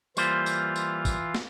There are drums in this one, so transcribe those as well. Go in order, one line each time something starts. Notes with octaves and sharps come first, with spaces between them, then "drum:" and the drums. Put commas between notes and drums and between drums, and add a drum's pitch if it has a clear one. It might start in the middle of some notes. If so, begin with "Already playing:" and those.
E3 G3 A#3 F4 C5 F5, drum: tambourine
drum: tambourine
drum: tambourine
drum: kick, tambourine
drum: snare